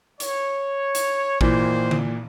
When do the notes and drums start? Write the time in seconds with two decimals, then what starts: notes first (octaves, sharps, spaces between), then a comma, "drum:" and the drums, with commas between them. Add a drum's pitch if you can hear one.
0.20 C#5, drum: hi-hat
0.95 drum: hi-hat
1.41 A#2 D#3 E3 C5, drum: kick A1
1.91 drum: tom D3